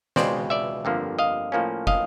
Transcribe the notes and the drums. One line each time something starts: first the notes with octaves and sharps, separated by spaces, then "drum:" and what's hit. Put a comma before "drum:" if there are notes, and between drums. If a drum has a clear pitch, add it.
C#2 B2 G#3 C4 C5 D5, drum: snare
D5 E5
G1 F2 D3 F3 A#3
D#5 F5
A2 F3 A#3 C#4
D#5 F5, drum: kick